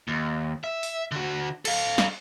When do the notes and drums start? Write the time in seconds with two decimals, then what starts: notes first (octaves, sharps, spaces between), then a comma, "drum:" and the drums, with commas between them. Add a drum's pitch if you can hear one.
0.08 D#2
0.64 E5
0.83 drum: open hi-hat
1.12 D3 F#4
1.65 A4 F5, drum: cymbal
1.98 drum: snare